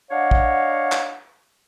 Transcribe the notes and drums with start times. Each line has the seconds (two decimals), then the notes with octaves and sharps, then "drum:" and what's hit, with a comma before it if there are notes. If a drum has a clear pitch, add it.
0.11 D4 C#5 D#5 F5 F#5
0.31 drum: kick
0.92 drum: clap